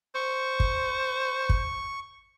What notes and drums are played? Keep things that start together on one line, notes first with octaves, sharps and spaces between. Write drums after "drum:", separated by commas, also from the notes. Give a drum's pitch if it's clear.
C5 C#6
drum: kick
drum: kick